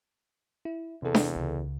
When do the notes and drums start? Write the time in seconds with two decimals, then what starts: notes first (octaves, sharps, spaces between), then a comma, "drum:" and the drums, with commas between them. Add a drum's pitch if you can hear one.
0.65 E4
1.02 E2 C3 A4
1.15 drum: snare D4
1.35 C#2